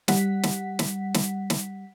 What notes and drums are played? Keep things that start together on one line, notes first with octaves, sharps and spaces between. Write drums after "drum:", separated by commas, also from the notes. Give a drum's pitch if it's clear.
G3 F#5 B6, drum: snare
drum: snare
drum: snare
drum: snare
drum: snare